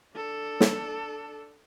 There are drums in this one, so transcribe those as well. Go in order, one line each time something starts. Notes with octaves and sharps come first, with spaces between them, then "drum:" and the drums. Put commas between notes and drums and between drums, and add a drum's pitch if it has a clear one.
D4 A4
drum: snare